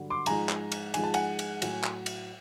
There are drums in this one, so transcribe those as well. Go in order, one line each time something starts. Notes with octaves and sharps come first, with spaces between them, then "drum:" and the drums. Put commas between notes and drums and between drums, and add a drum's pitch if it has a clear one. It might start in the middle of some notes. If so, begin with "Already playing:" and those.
Already playing: G2 D3 F#3
C6 D6
G#2 F3 G#3 G#5 A#5, drum: cymbal
drum: clap
drum: cymbal
G#2 F3 G#3 G#5, drum: cymbal
A5
F#5 G#5, drum: cymbal
drum: cymbal
A2 F#3, drum: cymbal
drum: clap
drum: cymbal